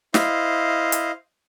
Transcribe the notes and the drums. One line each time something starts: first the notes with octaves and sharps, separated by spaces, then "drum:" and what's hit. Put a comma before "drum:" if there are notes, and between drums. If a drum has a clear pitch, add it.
E4 C5 D#5 F5, drum: snare
drum: hi-hat